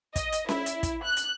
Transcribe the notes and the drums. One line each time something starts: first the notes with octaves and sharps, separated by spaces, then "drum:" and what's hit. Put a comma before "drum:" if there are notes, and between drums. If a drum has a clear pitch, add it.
D#5, drum: kick, hi-hat
drum: hi-hat
E4, drum: snare C#4
drum: hi-hat
drum: kick, hi-hat
F#6
drum: hi-hat